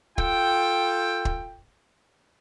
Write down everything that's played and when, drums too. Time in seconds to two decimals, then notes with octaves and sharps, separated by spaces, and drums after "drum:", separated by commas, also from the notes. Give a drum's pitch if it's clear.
0.18 F4 A4 G5, drum: kick
1.25 drum: kick